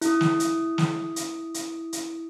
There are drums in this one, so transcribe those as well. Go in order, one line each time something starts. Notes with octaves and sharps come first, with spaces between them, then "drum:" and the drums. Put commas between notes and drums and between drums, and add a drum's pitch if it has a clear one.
E4 D#6, drum: hi-hat
drum: snare
drum: hi-hat
drum: snare
drum: hi-hat
drum: hi-hat
drum: hi-hat